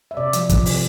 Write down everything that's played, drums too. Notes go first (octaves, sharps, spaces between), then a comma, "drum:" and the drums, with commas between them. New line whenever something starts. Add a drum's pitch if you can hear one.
E5
C3 D5
F3, drum: hi-hat
F3, drum: kick, hi-hat
C3, drum: open hi-hat